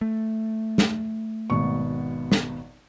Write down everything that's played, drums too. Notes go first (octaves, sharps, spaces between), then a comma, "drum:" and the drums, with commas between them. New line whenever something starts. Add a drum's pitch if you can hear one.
A3
drum: snare
G#1 B2 C#6
drum: snare